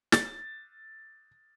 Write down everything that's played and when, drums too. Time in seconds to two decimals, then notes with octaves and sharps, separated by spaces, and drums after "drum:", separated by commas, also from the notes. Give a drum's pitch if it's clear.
0.12 A6, drum: snare